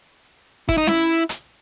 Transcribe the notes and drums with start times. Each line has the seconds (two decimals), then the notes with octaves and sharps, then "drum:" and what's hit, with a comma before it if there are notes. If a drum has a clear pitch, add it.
0.69 E4, drum: kick
0.78 D#4
0.87 E4, drum: snare C#4
1.29 drum: hi-hat